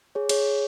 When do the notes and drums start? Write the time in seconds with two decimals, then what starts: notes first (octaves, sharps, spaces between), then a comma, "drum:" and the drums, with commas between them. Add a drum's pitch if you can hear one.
0.15 G#4 C#5
0.29 G#4 C#5, drum: cymbal